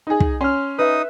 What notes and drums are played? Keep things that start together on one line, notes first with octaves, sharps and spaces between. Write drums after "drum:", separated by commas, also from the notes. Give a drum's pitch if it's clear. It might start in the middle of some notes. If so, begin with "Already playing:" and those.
D#4 G#4
drum: kick
C#4 C6 F6
D#4 B4 E5 D#6